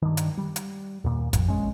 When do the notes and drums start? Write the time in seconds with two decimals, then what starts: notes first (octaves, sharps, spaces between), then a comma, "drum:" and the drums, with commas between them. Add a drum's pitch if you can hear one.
0.02 G2 D#3
0.17 drum: hi-hat
0.38 G3
0.56 drum: hi-hat
1.04 D#2 A#2
1.33 F2, drum: kick, hi-hat
1.48 A#1 G#3 C#4